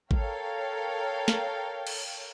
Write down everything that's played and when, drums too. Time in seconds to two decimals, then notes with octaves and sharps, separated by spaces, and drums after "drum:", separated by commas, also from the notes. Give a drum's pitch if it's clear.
0.11 A4 A#4 C#5 F5 G5, drum: kick G#1
1.28 drum: snare
1.87 drum: cymbal